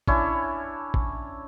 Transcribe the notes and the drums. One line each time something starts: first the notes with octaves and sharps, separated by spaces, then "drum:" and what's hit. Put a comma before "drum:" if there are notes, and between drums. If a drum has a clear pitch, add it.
C#4 D4 E4 C#5, drum: kick
drum: kick